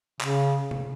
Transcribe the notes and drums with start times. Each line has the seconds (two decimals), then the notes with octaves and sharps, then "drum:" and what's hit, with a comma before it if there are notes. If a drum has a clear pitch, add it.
0.21 C#3, drum: clap
0.71 drum: tom C3